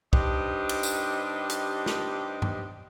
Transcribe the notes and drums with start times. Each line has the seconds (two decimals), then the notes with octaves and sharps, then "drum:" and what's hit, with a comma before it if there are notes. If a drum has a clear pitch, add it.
0.13 G2 D4 D#4 G4 C5, drum: kick
0.69 drum: cymbal
0.83 drum: tambourine
1.50 drum: hi-hat
1.86 drum: snare
2.42 drum: tom G2